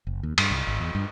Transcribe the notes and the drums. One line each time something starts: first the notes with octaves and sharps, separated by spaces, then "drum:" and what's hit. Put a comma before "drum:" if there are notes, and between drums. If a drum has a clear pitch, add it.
F#1
D#2
G2, drum: cymbal
C2
G#1
E2
G2